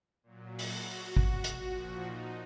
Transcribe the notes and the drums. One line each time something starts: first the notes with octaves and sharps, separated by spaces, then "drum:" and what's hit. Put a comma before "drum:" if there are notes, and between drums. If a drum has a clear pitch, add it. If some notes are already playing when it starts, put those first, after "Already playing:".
A#2 F#3
F#4, drum: open hi-hat
drum: kick G#1
drum: hi-hat
A#2 F3
D#4